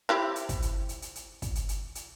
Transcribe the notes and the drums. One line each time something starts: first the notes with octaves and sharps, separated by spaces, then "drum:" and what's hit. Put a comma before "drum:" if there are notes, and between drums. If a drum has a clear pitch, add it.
C4 E4 G4
drum: hi-hat
drum: kick, hi-hat
drum: hi-hat
drum: hi-hat
drum: hi-hat
drum: hi-hat
drum: kick, hi-hat
drum: hi-hat
drum: hi-hat
drum: hi-hat